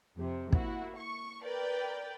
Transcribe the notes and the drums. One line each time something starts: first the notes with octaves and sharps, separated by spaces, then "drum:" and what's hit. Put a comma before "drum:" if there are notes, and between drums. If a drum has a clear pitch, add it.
F2 C3
A#3 E4 F#4, drum: kick
C#6
A#4 B4 D5 G5